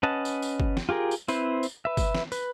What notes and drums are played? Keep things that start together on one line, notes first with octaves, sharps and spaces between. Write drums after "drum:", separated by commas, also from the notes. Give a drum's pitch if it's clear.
C#4 B4 D#5 F#5 A5
drum: tambourine
drum: tambourine
drum: kick G1
drum: snare
F4 G4 G#4 A#4
drum: tambourine
C4 E4 B4 C5, drum: tambourine
drum: tambourine
B4 E5
drum: kick G1, tambourine
drum: snare
B4, drum: tambourine